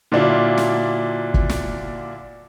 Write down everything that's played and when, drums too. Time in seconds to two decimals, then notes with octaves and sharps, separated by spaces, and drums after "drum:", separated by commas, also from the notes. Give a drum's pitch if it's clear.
0.12 A#2 D3 F#3 D4 E4 F4
0.58 drum: snare
1.34 drum: kick
1.49 drum: snare